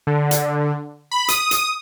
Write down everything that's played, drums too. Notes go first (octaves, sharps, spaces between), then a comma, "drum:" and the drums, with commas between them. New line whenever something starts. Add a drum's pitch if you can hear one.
D3
drum: hi-hat
B5
D#6, drum: hi-hat
drum: hi-hat